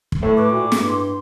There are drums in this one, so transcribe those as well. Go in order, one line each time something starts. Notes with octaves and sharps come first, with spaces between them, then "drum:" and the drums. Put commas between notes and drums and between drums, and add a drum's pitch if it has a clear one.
drum: kick
A2 A3 A4
B4 D6
A#2 F#4
G2 G#4, drum: snare
C6